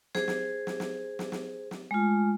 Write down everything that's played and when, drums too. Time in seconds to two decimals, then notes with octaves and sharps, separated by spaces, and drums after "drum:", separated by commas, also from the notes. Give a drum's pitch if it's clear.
0.15 G#4 C5, drum: snare
0.28 drum: snare
0.67 drum: snare
0.80 drum: snare
1.19 drum: snare
1.32 drum: snare
1.71 drum: snare
1.91 G#3 A3 F4